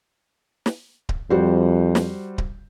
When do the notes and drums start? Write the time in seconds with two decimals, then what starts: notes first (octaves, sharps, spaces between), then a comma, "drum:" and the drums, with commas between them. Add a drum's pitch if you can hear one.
0.66 drum: snare
1.09 drum: kick D1
1.30 F2 G3 F#4 C5
1.95 drum: snare
2.38 drum: kick D1